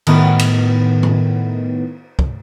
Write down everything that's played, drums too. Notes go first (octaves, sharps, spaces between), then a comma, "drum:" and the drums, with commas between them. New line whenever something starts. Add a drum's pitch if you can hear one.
A2 D#3 B3, drum: cymbal
drum: cymbal
drum: tom
drum: kick